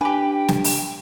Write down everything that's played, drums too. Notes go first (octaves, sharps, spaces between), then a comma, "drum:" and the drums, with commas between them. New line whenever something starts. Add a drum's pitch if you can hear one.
D4 G4 B4 G5 G#5
drum: snare
drum: open hi-hat